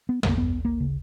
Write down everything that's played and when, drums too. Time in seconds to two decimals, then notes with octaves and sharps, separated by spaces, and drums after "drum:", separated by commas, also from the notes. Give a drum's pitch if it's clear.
0.09 B3
0.23 G#3, drum: tom
0.29 A#3
0.37 F#2 B3
0.65 A#3
0.80 C#3